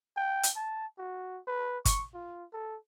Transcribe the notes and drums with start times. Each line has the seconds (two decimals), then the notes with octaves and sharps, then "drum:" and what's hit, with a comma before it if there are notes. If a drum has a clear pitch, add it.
0.17 G5
0.43 drum: hi-hat
0.56 A5
0.98 F#4
1.47 B4
1.85 C#6, drum: kick G1, hi-hat
2.14 F4
2.53 A4